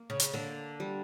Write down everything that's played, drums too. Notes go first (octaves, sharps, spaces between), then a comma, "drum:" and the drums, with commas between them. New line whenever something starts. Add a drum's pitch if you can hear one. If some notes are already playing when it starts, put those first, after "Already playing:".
Already playing: A#3
C#3
drum: hi-hat
D3 A#3
G3